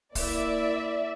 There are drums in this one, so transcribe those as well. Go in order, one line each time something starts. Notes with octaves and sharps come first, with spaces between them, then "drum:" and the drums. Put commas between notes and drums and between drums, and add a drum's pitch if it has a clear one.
A#3 E4 D5 E5, drum: kick, open hi-hat